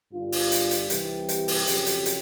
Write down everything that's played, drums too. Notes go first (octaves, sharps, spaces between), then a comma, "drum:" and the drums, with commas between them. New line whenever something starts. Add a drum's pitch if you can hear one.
G2 D3 G3 F4
drum: open hi-hat
drum: hi-hat
drum: hi-hat
C2 C3 E3 G3 G4, drum: hi-hat
drum: hi-hat
drum: open hi-hat
F2 C#3 F#3, drum: hi-hat
drum: hi-hat
drum: hi-hat